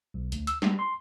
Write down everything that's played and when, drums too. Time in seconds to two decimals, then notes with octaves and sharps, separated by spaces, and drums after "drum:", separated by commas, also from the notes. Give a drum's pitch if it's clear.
0.14 B1
0.32 D2, drum: hi-hat
0.47 E6, drum: hi-hat
0.62 G3, drum: snare
0.79 C6